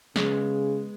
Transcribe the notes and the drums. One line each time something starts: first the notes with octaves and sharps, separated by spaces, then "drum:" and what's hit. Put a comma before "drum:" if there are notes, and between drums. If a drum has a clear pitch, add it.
C#3 G#3, drum: snare
B3
G#3